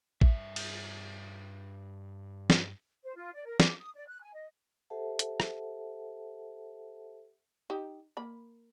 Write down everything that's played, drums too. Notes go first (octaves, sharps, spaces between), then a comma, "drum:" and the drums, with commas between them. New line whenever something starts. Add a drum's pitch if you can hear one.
G2 G#3 E5, drum: kick
drum: cymbal
drum: snare
C5
F4
D5
A#4
D6, drum: snare
D#6
D5
F#6
G#5
D#5
G4 A4 C5 E5 F#5 A5
drum: hi-hat
drum: rim click
D#4 G4
A#3 B5